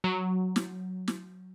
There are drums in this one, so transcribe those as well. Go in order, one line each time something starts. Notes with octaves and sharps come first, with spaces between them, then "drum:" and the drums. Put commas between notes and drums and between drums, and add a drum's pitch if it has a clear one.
F#3
drum: snare
drum: snare